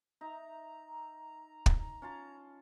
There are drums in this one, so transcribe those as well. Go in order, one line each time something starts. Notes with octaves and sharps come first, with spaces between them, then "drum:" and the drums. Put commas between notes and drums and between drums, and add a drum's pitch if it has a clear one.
D#4 E5 A#5
drum: kick
C#4 F4 A5